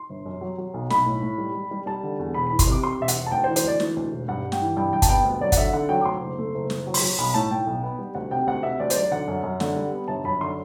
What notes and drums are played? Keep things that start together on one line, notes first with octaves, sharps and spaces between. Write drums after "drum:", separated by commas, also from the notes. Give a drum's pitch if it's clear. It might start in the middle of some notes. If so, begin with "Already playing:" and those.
Already playing: C6
G1
F#2
F#3
F#3
B1
B1 B5, drum: snare
A2
A2
G3
G3
G3
G3 A5
D3
E2
E1 B5
E3 B5
C6, drum: kick, hi-hat
C3 D6
C3 C6
E1 E5
F#5, drum: hi-hat
E1
A5
D2 G5
C5
E3
C5, drum: hi-hat
D2 D5
E3, drum: snare
D2
E1
G2 F#5
G2
G5, drum: snare
E3
G2 G5
G2 G5
A5, drum: kick, hi-hat
B3 G5
D2
F#3 D5
F#5, drum: kick, hi-hat
D3 E5
D3 F#5
F#3 G5
D6
D2 C6
F#1
A3
F#1
F#1, drum: snare
F#3
C6, drum: open hi-hat
F#3
B1 B5
A2 A5
A2 G5
B1
B3
G3
D2 F#5
C3 G5
D2 F#5
C3 E5
D2 D5
C5, drum: hi-hat
F#3 D5
D3 F#5
F#2
F#2
D3, drum: snare
G3
B3
G1 A5
F#2 B5
D3 C6